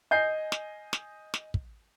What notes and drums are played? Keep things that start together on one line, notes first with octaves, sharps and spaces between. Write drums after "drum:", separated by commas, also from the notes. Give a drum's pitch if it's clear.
D#5 G#5 G6 C7
drum: snare
drum: snare
drum: snare
drum: kick